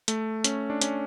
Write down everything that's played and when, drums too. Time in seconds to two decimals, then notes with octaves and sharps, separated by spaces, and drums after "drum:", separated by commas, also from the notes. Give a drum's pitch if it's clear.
0.08 A3, drum: hi-hat
0.44 C#4, drum: hi-hat
0.70 D4
0.81 C#4, drum: hi-hat